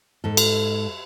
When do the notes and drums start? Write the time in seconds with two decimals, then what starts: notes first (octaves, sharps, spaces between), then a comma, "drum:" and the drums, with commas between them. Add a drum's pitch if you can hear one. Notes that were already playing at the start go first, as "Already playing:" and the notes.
0.24 G#2 A4
0.37 drum: cymbal